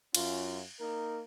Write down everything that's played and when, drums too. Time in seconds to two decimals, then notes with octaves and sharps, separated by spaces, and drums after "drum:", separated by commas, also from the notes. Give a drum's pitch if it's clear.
0.15 F#2 C#4 F4, drum: cymbal
0.80 A#3 D#4 A#4